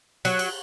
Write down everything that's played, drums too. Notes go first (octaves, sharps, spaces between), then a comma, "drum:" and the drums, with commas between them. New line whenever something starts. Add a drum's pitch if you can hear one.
F#3, drum: cymbal
drum: cymbal